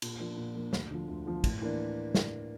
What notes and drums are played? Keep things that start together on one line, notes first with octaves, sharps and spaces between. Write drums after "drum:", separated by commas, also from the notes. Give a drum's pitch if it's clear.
A#2, drum: cymbal
F3 A#3 D4
A#2
F3 A#3 D4
D2, drum: snare
D3 F3
D2
D3 F3
A2, drum: kick, cymbal
E3 A#3 D4
drum: snare